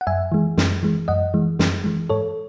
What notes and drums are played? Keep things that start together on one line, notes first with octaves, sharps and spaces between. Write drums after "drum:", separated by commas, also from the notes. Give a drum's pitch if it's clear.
F#5
F#2 E5 G#5
E3 G#3
F#2, drum: snare
E3 G#3
F#2 D#5 F#5
E3 G#3
F#2, drum: snare
E3 G#3
G#2 A4 C#5